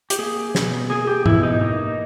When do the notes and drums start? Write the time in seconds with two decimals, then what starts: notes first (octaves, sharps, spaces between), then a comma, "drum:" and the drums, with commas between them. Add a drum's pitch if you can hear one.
0.10 G4, drum: hi-hat
0.19 A#3 G#4
0.55 B2, drum: snare
0.90 A#3 G#4
1.07 G4
1.26 B2 E4, drum: tom G#2
1.43 D#4
1.61 A#3 D#4